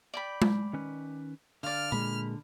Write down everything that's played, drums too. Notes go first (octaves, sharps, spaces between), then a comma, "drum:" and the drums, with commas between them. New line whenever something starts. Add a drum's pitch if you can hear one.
D5 G5 B5
drum: tom G#3
D#3 C#4 B4
D3 D5 F5 F6
A#2 G#3 B5